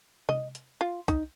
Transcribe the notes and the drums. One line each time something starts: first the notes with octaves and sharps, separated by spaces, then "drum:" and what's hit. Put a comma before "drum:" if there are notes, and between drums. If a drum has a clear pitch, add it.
D#5, drum: tom C3
drum: hi-hat
F4
D#4, drum: kick, hi-hat